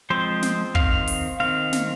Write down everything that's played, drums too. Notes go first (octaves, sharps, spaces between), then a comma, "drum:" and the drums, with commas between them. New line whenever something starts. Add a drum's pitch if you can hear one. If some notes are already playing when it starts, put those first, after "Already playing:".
F3 G#3 C4 C5
drum: snare
D#3 C4 F5, drum: kick
drum: open hi-hat
D#3 C4 F5
drum: snare